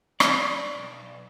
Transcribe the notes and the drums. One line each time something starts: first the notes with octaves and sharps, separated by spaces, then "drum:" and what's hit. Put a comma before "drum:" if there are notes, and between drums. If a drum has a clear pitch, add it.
D5, drum: rim click
B1